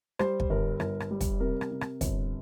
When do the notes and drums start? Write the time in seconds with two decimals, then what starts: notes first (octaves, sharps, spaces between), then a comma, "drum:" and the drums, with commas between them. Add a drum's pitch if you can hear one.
0.19 G3 C5, drum: rim click
0.40 drum: kick
0.50 G1 A#4
0.80 G1 A#4, drum: rim click
1.00 drum: rim click
1.11 G3
1.21 drum: kick, hi-hat
1.40 C3 A#4
1.61 drum: rim click
1.71 C3
1.81 drum: rim click
2.01 G1, drum: kick, hi-hat